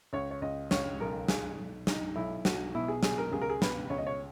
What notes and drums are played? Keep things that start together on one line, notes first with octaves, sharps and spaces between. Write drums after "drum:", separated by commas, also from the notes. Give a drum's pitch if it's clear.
C#2 C#5
C#5
C#2 D#5
C#2 C#5, drum: snare
B1 A#4
B1 G#4, drum: snare
B1
B1 D#4, drum: snare
B1 E4
B1 F#4, drum: snare
B2 E4
G#4
F#3 G#4, drum: snare
A#4
C#2 G#4
A#4
G#4
B2 B4, drum: snare
C#2 C#5
D#5
C#5